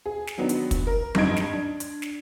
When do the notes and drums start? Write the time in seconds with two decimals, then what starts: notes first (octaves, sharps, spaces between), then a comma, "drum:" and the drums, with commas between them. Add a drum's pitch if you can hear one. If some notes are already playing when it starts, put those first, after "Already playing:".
0.06 G#4
0.27 drum: snare
0.38 D#3 F#3 B3 D4 D#4
0.49 drum: hi-hat
0.71 drum: kick, hi-hat
0.87 A#4
1.15 G#1 G2 D#4 D#5 G#6 D7, drum: tom F#3
1.36 drum: snare
1.53 D4
1.80 drum: hi-hat
2.02 drum: snare